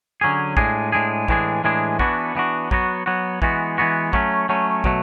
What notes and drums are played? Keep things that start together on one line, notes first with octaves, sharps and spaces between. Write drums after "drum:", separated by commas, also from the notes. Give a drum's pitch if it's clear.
D3 F#3 C#4 G#4
A2 G#3 D4 G#4, drum: kick
A2 G#3 D4 G#4
A2 E3 G#3 D4 G#4, drum: kick
A2 E3 G#3 D4 G#4
E3 B3 D4 F#4, drum: kick
E3 B3 D4 F#4
F#3 B3 F#4, drum: kick
F#3 B3 F#4
E3 G#3 B3 F#4, drum: kick
E3 G#3 B3 F#4
F#3 A3 C#4, drum: kick
F#3 A3 C#4
B2 F#3 A3, drum: kick